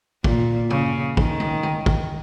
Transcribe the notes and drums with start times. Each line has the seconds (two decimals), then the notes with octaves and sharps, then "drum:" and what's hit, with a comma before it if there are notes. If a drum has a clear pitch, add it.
0.24 A#2, drum: kick
0.70 C#3, drum: tom G2
1.17 D#3, drum: kick
1.40 drum: tom D3
1.63 drum: tom D3
1.86 drum: kick